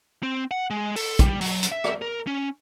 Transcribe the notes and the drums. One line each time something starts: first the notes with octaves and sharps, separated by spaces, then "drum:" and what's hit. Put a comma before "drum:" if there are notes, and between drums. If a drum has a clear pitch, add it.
C4
F#5
G#3
A4, drum: open hi-hat
G3, drum: kick, hi-hat
F#3, drum: open hi-hat
drum: hi-hat
E5
drum: rim click
A#4
C#4